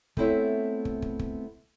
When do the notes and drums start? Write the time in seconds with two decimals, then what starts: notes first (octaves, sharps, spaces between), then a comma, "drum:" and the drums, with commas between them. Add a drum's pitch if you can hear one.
0.17 A3 B3 C4 E4 C#5 E5, drum: kick
0.85 drum: kick
1.02 drum: kick
1.19 drum: kick